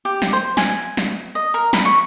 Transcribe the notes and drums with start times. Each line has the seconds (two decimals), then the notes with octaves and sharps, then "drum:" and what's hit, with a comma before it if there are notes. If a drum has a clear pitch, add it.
0.05 G4
0.22 drum: snare
0.33 C5
0.57 G#5, drum: snare
0.97 drum: snare
1.35 D#5
1.54 A#4
1.73 B5, drum: snare
1.85 C#6